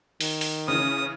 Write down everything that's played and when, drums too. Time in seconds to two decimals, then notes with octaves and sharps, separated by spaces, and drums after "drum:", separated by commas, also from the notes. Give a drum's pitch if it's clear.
0.21 D#3, drum: open hi-hat
0.41 drum: open hi-hat
0.68 C#3 E3 C#4 D#6